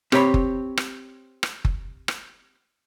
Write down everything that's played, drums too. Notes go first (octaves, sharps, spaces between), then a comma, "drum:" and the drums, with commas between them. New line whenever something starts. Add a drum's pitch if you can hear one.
C4 G4 C5 C#5 B5, drum: rim click
drum: kick F#1
drum: rim click
drum: rim click
drum: kick F#1
drum: rim click